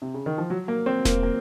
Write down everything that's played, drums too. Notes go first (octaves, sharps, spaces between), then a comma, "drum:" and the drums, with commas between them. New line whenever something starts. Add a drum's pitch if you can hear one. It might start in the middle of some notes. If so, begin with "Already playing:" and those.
C3
C#3
D#3
F3
F#3
A#3
C4
A#3, drum: snare E1
A#3